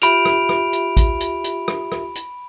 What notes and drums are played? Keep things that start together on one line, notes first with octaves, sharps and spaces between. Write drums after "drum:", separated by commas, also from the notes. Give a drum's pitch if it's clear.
F4 G4 E5 B5 D7 F7, drum: hi-hat
drum: rim click
drum: rim click
drum: hi-hat
drum: kick A1, hi-hat
drum: hi-hat
drum: hi-hat
drum: rim click
drum: rim click
drum: hi-hat